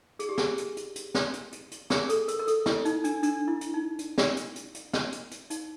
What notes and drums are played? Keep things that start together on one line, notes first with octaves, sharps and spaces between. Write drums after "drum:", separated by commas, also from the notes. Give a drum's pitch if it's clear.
G#4, drum: hi-hat
G4
G#4, drum: snare
drum: hi-hat
drum: hi-hat
drum: hi-hat
drum: snare
drum: hi-hat
drum: hi-hat
drum: hi-hat
G#4, drum: snare
A4, drum: hi-hat
A#4, drum: hi-hat
A#4
A4, drum: hi-hat
E4, drum: snare
D#4, drum: hi-hat
D4, drum: hi-hat
D4, drum: hi-hat
E4
drum: hi-hat
D#4
drum: hi-hat
drum: snare
drum: hi-hat
drum: hi-hat
drum: hi-hat
drum: snare
drum: hi-hat
drum: hi-hat
D#4, drum: hi-hat